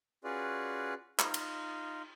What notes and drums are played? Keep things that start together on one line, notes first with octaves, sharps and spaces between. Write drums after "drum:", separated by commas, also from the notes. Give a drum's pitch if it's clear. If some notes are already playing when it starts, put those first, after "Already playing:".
C#4 F4 F#4 G#4 B4 D5
D#4 F4, drum: clap
drum: cymbal